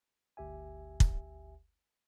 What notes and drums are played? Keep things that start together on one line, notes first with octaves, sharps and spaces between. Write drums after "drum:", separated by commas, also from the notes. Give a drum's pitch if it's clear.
G1 D2 G4 E5 G#5
drum: kick